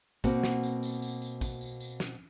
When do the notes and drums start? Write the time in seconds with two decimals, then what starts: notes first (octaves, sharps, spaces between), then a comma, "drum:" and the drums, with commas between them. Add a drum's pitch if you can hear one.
0.24 B2 A#3 C4 F#4 F#5, drum: kick, tambourine
0.43 drum: snare
0.63 drum: tambourine
0.83 drum: tambourine
1.02 drum: tambourine
1.22 drum: tambourine
1.41 drum: kick, tambourine
1.61 drum: tambourine
1.80 drum: tambourine
2.00 drum: snare